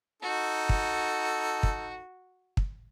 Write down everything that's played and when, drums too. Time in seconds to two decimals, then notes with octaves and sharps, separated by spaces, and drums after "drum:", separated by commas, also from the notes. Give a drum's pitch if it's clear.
0.22 D#4 F#4 A4
0.69 drum: kick
1.63 drum: kick
2.57 drum: kick